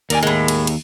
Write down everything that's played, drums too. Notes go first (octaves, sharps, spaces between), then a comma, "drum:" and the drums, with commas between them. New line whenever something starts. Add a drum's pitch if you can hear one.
D#2 A#4 D5 G#5, drum: cymbal
A2 G#3 A#4
drum: cymbal
drum: cymbal